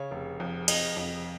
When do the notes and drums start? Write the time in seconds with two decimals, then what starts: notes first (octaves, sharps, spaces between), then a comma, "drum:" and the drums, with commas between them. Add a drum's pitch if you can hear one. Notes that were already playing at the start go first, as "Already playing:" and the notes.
Already playing: C#3 C#5
0.11 F1
0.40 F2
0.68 F2 D#5, drum: cymbal
0.97 F2